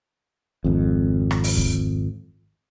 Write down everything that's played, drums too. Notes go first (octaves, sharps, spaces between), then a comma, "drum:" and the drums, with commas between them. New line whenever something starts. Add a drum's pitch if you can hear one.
G#1 F2
drum: rim click
drum: open hi-hat
drum: kick D#2